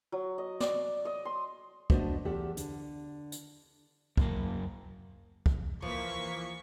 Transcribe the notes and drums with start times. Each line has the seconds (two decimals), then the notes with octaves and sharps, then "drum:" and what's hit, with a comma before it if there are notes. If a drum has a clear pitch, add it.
0.12 F#3
0.38 D#5
0.60 D5, drum: snare
1.05 D#5
1.25 C6
1.90 A3 B3 D4 F#4 C5 D#5, drum: kick
2.25 E2 G4 A4 E5 F#5
2.57 D3, drum: hi-hat
3.32 drum: hi-hat
4.17 F#2 A#3, drum: kick
5.46 drum: kick
5.82 E3 F3 A#3 C#6 B6